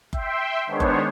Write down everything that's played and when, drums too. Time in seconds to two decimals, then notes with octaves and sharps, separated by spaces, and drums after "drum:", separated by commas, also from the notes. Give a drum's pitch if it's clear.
0.13 E5 G5 C6, drum: kick F#1
0.67 D#3 G#3 B3 D4 C5 C#5
0.80 drum: kick F#1